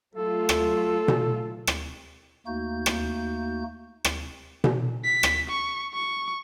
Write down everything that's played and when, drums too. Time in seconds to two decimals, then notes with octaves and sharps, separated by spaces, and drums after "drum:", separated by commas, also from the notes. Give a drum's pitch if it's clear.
0.15 F#3 A3 F4 A4
0.49 drum: rim click
1.08 drum: tom B2
1.67 drum: rim click
2.46 D#2 A3 A#3 D#4 F#4 G6
2.86 drum: rim click
4.05 drum: rim click
4.64 drum: tom B2
5.04 B6
5.23 drum: rim click
5.50 C#6
5.94 C#6